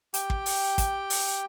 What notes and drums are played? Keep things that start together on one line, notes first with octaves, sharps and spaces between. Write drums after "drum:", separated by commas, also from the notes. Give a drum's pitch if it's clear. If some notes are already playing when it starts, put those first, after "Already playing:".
G4 G5, drum: hi-hat
drum: kick
drum: open hi-hat
drum: kick, hi-hat
drum: open hi-hat